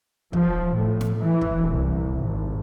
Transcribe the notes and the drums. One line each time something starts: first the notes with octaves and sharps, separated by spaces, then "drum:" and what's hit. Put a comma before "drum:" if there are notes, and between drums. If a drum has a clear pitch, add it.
F3, drum: kick
A2
drum: snare
E3
drum: kick
C2
G#1